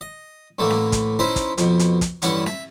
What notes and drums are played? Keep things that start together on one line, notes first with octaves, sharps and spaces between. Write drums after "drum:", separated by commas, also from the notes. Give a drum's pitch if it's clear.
D#5
A2 D3 E3 A3 A#3
drum: snare
drum: kick, hi-hat
C#4 D#4 E4 B4 C5
drum: kick, hi-hat
F2 B2, drum: hi-hat
drum: hi-hat
drum: kick, hi-hat
G2 D3 E3 C#4 F#5 C#6, drum: hi-hat
E5, drum: snare